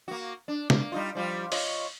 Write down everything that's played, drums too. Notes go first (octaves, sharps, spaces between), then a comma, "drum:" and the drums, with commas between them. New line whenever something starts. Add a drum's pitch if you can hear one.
A#3 F#4
D4
A#3, drum: snare
G3 D#4 F4
F3 G3 F4
F4 C#5 D#5, drum: open hi-hat